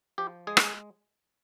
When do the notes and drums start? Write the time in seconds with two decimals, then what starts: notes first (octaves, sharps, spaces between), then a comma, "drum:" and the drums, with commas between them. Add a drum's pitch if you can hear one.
0.18 F3 G4
0.47 G#3 G#4
0.57 drum: rim click